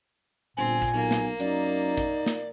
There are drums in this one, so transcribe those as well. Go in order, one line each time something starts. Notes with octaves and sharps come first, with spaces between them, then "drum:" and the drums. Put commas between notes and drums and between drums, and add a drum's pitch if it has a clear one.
G1 A#2 C4 G#5
drum: kick A1, hi-hat
B1 A#3
drum: snare
F#2 D#4 D5, drum: hi-hat
drum: kick A1, hi-hat
drum: snare